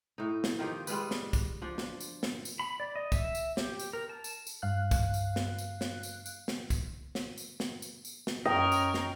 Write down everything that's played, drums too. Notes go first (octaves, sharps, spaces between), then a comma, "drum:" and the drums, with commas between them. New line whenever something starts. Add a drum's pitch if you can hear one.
A2 D#4
drum: snare
D#3 F3 D#4 G4
G3 G#3 F4 B4, drum: tambourine
drum: snare
drum: kick, tambourine
F3 D4
drum: snare
drum: tambourine
drum: snare
drum: tambourine
B5
D5
D#5
E5, drum: kick, tambourine
drum: tambourine
G4, drum: snare
drum: tambourine
A#4
A5
drum: tambourine
drum: tambourine
G2 F5 F#6
drum: kick, tambourine
drum: tambourine
drum: snare
drum: tambourine
drum: snare
drum: tambourine
drum: tambourine
drum: snare
drum: kick, tambourine
drum: snare
drum: tambourine
drum: snare
drum: tambourine
drum: tambourine
drum: snare
F#2 C#4 A#4 D#5 G5
drum: tambourine
drum: snare